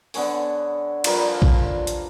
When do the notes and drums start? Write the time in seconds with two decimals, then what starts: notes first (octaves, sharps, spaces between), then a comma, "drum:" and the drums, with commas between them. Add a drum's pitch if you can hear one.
0.14 D3 B3 C#5 G#5, drum: open hi-hat
1.04 F3 G3 A#4 B4, drum: cymbal
1.42 drum: kick A#1
1.87 drum: hi-hat